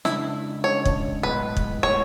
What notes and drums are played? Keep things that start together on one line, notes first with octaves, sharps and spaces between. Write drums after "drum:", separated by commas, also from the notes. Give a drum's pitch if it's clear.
C#3 G#3 D4 E4, drum: snare
C#3 G#3 D4 C#5
drum: kick
B1 A2 G#3 B3 B4
drum: kick
A2 G#3 B3 C#5